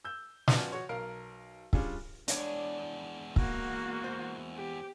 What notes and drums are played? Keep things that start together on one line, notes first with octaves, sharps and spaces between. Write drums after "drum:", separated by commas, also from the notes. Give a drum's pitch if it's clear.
E6 G6
B3 C#4 F4 F#4 D5 A5, drum: snare
F#4 C#5
B1 A#4 F5 D7
G3 C#4 D4 F4 G#4, drum: kick
E2 G#3 D4 C#5, drum: hi-hat
A#3 F#4, drum: kick
C5
G4